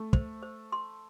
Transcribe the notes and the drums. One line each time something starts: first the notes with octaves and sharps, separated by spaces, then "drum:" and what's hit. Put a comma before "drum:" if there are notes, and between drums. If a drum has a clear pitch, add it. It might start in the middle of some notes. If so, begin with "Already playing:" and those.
Already playing: A3
C5, drum: kick
C5
C6